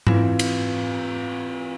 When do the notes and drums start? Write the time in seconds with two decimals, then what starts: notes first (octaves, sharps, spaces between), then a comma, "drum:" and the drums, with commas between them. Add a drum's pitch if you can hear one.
0.07 E3 C4 F4 B4 F5, drum: tom G#2
0.39 drum: cymbal